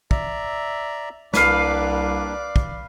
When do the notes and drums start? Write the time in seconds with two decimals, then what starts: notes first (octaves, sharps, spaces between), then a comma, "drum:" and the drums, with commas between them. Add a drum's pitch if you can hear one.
0.11 D5 E5 A#5, drum: kick
1.34 C2 G3 A#3 D4 B4 D5 F5, drum: snare
2.56 drum: kick